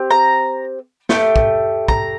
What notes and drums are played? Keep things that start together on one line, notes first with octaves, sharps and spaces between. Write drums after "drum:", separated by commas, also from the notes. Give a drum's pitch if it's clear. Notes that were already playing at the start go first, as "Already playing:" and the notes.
Already playing: C4 G4
A#5
A3 E4 G4, drum: snare
drum: kick
A#5, drum: kick